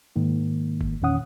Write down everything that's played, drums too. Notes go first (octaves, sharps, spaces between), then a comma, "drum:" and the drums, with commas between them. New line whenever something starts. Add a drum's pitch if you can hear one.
G#2 D#3 A#3
drum: kick G1
E2 A#2 D#3 C#4 F#5 D#6